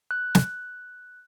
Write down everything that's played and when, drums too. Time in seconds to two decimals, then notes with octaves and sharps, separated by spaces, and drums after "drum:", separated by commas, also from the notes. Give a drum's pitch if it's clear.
0.11 F#6
0.35 drum: snare